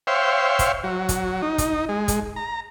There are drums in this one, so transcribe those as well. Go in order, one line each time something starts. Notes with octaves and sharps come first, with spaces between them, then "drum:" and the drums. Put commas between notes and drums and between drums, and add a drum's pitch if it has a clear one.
C5 C#5 E5 F5 G5
drum: kick, hi-hat
F#3
drum: kick, hi-hat
D#4
drum: kick, hi-hat
G#3
drum: kick, hi-hat
A#5